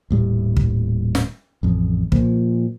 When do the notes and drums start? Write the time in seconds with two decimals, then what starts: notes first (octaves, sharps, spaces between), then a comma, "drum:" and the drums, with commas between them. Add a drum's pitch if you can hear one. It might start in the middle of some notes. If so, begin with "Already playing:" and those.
0.10 D#1 A2 G3
0.57 drum: kick
1.15 drum: snare
1.63 A1 F2
2.12 A#2 F3, drum: kick